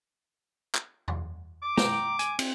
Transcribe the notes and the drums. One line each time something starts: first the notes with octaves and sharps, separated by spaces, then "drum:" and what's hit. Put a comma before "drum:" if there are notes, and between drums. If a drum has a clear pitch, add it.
drum: clap
drum: tom E2
D6
G5 A#5, drum: snare
G#5, drum: hi-hat
C4, drum: cymbal